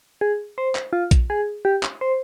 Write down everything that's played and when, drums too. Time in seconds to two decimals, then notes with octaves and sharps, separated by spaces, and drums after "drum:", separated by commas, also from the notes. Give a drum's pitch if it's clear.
0.21 G#4
0.58 C5
0.75 drum: clap
0.93 F4
1.11 drum: kick A#1, hi-hat
1.30 G#4
1.65 G4
1.83 drum: clap
2.01 C5